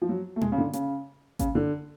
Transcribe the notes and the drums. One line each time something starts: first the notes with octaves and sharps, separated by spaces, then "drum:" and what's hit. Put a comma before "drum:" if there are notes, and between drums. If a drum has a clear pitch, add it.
F3
F#3
A3
G#3, drum: tom A#2
C#3
D3
C#3, drum: hi-hat
C#3, drum: kick G#1, hi-hat
D3